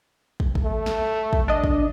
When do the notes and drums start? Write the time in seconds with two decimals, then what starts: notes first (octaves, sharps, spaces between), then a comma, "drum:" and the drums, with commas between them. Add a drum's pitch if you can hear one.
0.40 drum: kick
0.55 drum: kick
0.65 A3
0.86 drum: snare
1.33 drum: kick
1.48 D4 D#5
1.64 drum: kick